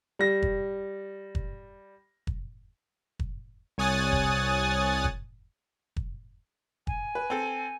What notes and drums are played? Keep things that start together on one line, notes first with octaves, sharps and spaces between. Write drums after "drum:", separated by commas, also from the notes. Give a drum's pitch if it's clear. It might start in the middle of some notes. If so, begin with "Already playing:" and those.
G3 A#6
drum: kick
drum: kick
drum: kick
drum: kick
C2 C#5 G#5 D#6 F#6 A6
drum: kick
drum: kick
drum: kick
G#5, drum: kick
B4
C4 A4